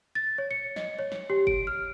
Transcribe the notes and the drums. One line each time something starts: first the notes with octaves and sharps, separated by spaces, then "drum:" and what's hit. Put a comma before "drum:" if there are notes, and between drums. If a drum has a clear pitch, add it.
A6
C#5
C#7
D#5, drum: snare
C#5
drum: snare
G4
D7, drum: kick F#1
F6